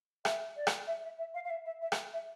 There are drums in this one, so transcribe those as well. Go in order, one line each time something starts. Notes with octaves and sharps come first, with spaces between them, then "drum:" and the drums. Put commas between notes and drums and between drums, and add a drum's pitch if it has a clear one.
E5, drum: rim click
D5
drum: rim click
E5
E5
E5
F5
F5
E5
E5
E5
drum: rim click
E5